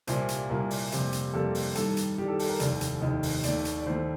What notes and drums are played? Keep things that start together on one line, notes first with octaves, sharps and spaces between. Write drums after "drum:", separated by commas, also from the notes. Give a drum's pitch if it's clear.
C2 A#2 G3 A#3 C5, drum: hi-hat
drum: hi-hat
C2 A#2 G3 A#3 A#4
drum: open hi-hat
F2 C3 G3 A#3, drum: hi-hat
drum: hi-hat
F2 C3 G3 A#3 A4
drum: open hi-hat
G2 D#3 G3 A4, drum: hi-hat
drum: hi-hat
G2 D#3 G3 G4
A4
A4, drum: open hi-hat
A#4
F1 D#2 D#3 D5, drum: hi-hat
drum: hi-hat
F1 D#2 D#3 D#5
drum: open hi-hat
D#2 D#3 A3 D5, drum: hi-hat
drum: hi-hat
D5
D#2 D#3 A3 C5